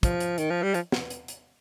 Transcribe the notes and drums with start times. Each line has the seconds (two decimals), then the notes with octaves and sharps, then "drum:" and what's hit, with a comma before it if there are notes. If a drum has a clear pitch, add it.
0.03 F3, drum: kick, hi-hat
0.20 drum: hi-hat
0.38 D#3, drum: hi-hat
0.50 F3
0.62 G3
0.74 F3, drum: hi-hat
0.92 drum: snare
1.10 drum: hi-hat
1.28 drum: hi-hat